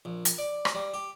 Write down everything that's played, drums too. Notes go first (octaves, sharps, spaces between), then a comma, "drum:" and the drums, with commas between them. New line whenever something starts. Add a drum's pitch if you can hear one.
A#1
drum: hi-hat
D5
drum: rim click
G3
G4